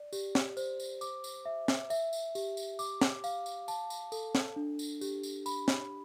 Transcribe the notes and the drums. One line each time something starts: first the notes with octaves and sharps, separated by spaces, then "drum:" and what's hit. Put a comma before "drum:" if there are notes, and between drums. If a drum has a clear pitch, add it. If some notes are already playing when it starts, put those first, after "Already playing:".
Already playing: D5
G4, drum: tambourine
drum: snare
C5, drum: tambourine
drum: tambourine
D6, drum: tambourine
drum: tambourine
E5
drum: snare
E5, drum: tambourine
drum: tambourine
G4, drum: tambourine
drum: tambourine
D6, drum: tambourine
drum: snare
F5, drum: tambourine
drum: tambourine
A5, drum: tambourine
drum: tambourine
A4, drum: tambourine
drum: snare
D4
drum: tambourine
G4, drum: tambourine
drum: tambourine
B5, drum: tambourine
drum: snare